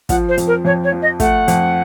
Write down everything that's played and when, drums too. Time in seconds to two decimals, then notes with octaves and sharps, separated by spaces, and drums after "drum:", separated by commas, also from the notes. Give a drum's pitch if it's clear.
0.09 F3 F#5, drum: kick, hi-hat
0.28 C5
0.38 F2, drum: hi-hat
0.47 A#4
0.65 F2 C#5
0.83 C#5
0.92 F3
1.02 D#5
1.20 A3 F#5, drum: kick, hi-hat
1.48 F2, drum: hi-hat